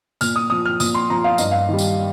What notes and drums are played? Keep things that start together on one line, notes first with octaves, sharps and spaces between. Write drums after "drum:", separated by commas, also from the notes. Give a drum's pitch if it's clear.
A#2 F6, drum: tambourine
D#6
F3 D#6
F6
A#2 D#6, drum: tambourine
C6
F3 A#5
F5
G2 D#5, drum: tambourine
F5
D#3 G3
drum: tambourine